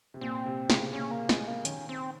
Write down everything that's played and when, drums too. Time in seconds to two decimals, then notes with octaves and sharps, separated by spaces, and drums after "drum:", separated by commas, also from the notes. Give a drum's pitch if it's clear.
0.14 C3
0.21 A#2 C4
0.46 C3
0.70 C#3, drum: snare
0.93 A#2 C#4
1.11 A#3
1.29 G#3, drum: snare
1.47 A#3
1.65 D#3 C#4, drum: hi-hat
1.89 C4